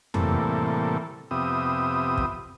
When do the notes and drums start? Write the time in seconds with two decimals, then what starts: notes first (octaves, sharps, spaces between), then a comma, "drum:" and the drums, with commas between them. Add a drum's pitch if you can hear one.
0.14 A2 C3 E3 G3 A#3 A4, drum: tom F2
1.31 F2 C3 B3 G4 E5 D#6
2.18 drum: kick